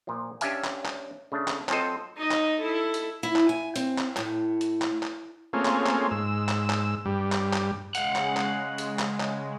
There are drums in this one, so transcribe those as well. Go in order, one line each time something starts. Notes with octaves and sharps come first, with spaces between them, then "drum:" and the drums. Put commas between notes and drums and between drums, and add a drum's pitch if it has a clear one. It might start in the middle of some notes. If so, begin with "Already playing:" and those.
A#2 F3
C#4 D4 G4 E5 F5 G#5, drum: hi-hat
drum: clap
drum: clap
C#3 A3 D4
drum: clap
F#3 C4 F4 A4 C5 D#5, drum: clap
D#4 D#5
drum: clap
E4 A4
drum: hi-hat
E4
drum: clap
G#5
C4, drum: hi-hat
drum: clap
A2, drum: clap
drum: hi-hat
drum: clap
drum: clap
A3 A#3 C4 C#4 F4 G#4
drum: clap
drum: clap
G#2 E6
drum: clap
drum: clap
G2 G3
drum: clap
drum: clap
C#3 G#3 F5 F#5, drum: hi-hat
drum: clap
drum: clap
drum: hi-hat
drum: clap
drum: clap